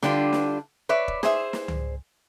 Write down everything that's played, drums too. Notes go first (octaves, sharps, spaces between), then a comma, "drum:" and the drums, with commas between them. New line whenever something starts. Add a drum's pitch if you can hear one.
D3 G3 D4 F4, drum: snare
drum: snare
B4 C#5 D5 E5
drum: kick
G#4 C5 E5, drum: snare
drum: snare
drum: tom C#2